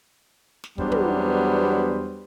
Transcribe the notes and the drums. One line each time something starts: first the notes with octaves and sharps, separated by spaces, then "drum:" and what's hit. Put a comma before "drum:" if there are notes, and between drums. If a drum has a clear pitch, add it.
drum: snare
E2 F#3 G3 B3 D4 C5, drum: kick
drum: tom